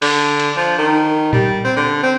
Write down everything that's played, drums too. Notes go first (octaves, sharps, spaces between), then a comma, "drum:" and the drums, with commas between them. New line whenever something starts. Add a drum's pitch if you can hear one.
D3, drum: open hi-hat
drum: cymbal
F3
D#3
G3, drum: tom A#2
C4
D3
C4